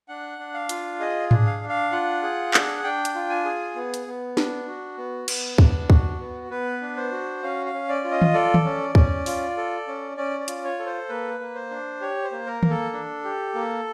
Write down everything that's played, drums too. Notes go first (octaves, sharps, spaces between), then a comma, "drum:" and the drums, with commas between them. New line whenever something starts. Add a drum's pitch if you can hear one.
D4 F#5
D4
F5
F4, drum: hi-hat
G#4 D#5
D4, drum: tom G#2
F5
D4
F5
F4 F#5
G#4
D4, drum: clap
D4 G5
drum: hi-hat
F4
G#5
G#4
B3
drum: hi-hat
B3
D4, drum: snare
F#4
B3
B3, drum: cymbal
D4, drum: kick
F#4, drum: kick
B3
B3 B4
D4
C5
F#4
C#4 F5
F5
C#4
D5
F4
D#5
drum: tom D#3
A4 D5
drum: tom D#3
C#4
C#4, drum: kick
F4, drum: open hi-hat
A4
C#4
C#4 D5
D5
F4, drum: hi-hat
C#5
A4
C5
A#3 B4
A#3
C5
D4
G4 C#5
C5
A#3
A#4
A#3, drum: tom D#3
A4
D4
G4
A#3